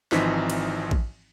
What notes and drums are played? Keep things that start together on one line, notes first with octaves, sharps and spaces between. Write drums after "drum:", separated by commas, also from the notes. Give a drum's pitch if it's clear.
G#1 E3 F3 C4 D#4 B6, drum: snare
drum: cymbal
drum: kick A1